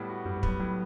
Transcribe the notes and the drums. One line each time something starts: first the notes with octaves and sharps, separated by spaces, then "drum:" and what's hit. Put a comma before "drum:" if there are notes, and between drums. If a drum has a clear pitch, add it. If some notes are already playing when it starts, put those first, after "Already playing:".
Already playing: A2 G3 B3
F#4
F#2 G3
G2
B3, drum: kick
F#3
A2 F#3